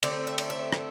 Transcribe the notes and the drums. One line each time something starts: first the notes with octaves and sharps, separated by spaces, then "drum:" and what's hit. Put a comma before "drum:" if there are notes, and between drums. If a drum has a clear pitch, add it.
D3 A3 C4 D5, drum: cymbal
E5
drum: cymbal
E5
drum: rim click